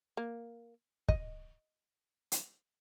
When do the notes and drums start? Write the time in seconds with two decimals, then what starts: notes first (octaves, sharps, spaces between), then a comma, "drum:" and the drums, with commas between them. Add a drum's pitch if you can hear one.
0.17 A#3
1.08 D#5, drum: kick
2.32 drum: hi-hat